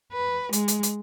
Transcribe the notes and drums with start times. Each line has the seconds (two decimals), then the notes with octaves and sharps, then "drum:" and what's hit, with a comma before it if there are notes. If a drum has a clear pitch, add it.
0.13 B4
0.53 G#3, drum: hi-hat
0.68 drum: hi-hat
0.83 drum: hi-hat